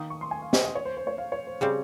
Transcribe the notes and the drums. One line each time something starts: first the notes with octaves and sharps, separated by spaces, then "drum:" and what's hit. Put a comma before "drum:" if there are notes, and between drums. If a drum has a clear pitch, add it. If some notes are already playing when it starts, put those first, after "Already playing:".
Already playing: D#3 A#3 D#4 D#6
C#6
C6
G#5
F5
D#5, drum: snare
D#5
C#5
C5
C5
C#5
F5
C#5
C5
C#3 G3 C4